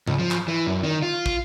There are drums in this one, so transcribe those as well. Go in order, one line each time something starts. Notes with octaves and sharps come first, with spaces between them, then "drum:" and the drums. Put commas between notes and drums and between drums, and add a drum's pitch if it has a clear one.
C#2, drum: tom G#2
F3
drum: clap
E3
F#2
D#3
F4
drum: kick